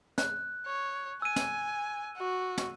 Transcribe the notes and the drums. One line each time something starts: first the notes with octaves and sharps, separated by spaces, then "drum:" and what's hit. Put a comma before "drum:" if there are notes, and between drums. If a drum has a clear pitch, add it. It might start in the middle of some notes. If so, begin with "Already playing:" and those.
F#6, drum: snare
C#5
G#5 E6 D#7
drum: snare
F#4
drum: snare